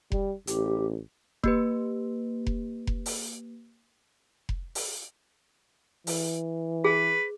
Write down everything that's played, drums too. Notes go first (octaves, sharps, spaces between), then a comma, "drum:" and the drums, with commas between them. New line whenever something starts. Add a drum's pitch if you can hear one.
G3, drum: kick F1
A1 G4, drum: hi-hat
A#3 G4 B4, drum: kick F1
drum: kick F1
drum: kick F1
drum: open hi-hat
drum: kick F1
drum: open hi-hat
E3, drum: open hi-hat
G#4 B4